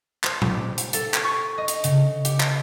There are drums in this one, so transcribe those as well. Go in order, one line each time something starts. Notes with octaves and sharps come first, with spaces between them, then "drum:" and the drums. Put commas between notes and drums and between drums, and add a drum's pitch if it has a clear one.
C5, drum: clap
drum: tom A#2
G4
drum: hi-hat
A4, drum: hi-hat
drum: clap
C#6
D#5
drum: hi-hat
C#3, drum: hi-hat
G4, drum: hi-hat
drum: clap